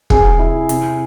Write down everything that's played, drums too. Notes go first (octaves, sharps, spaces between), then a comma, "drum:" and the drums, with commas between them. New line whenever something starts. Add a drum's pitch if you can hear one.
C3 G#4, drum: kick
E4
C3, drum: hi-hat